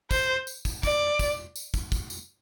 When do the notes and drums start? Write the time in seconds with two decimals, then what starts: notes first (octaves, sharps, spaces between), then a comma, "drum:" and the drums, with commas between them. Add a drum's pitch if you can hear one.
0.11 C5, drum: kick, tambourine
0.47 drum: tambourine
0.65 drum: kick, tambourine
0.83 D5, drum: kick, tambourine
1.19 drum: kick, tambourine
1.56 drum: tambourine
1.74 drum: kick, tambourine
1.92 drum: kick, tambourine
2.10 drum: tambourine